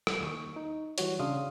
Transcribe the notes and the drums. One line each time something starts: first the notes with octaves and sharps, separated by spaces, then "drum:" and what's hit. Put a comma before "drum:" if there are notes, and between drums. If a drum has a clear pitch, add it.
drum: rim click
D#2 C#6
D#4
E3 G3 F#4 C#5, drum: hi-hat
C#3 C#4 D4 F5 C6 D#6